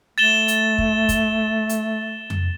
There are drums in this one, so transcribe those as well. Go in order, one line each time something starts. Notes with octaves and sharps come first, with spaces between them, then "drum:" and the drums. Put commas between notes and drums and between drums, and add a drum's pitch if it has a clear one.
A3 A6 E7 G7
drum: hi-hat
drum: kick
drum: kick, hi-hat
drum: hi-hat
drum: tom F2